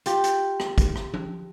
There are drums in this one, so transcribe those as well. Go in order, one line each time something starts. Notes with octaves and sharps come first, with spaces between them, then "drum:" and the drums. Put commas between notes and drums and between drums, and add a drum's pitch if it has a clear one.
F4 G4, drum: hi-hat
drum: hi-hat
drum: rim click
drum: kick, hi-hat
drum: rim click
drum: tom F3